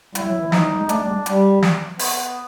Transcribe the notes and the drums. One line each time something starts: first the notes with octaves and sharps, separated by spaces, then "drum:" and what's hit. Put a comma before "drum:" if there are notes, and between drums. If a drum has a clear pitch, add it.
G3 E4, drum: hi-hat
F#3
E3
F3 D#4, drum: snare
G3
G#3
A3 D4, drum: hi-hat
G3
G#3
G3, drum: hi-hat
drum: snare
B3, drum: open hi-hat